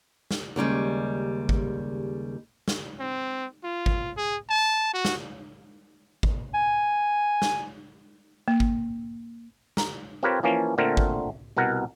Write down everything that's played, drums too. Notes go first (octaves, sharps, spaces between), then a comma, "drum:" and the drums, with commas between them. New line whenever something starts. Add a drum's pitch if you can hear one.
drum: snare
D#2 C#3 G3 G#3
drum: kick G#1
drum: snare
C4
F4
drum: kick G#1
G#4
A5
F#4
drum: snare
drum: kick G#1
G#5
drum: snare
A#3
drum: kick G#1
A#5, drum: snare
C4 F4 G4 A#4 B4 C#5
E3 F3 A#3 C#4
A#2 D3 A3 C4 A#4
drum: kick G#1
C2 B2 A#4 F#5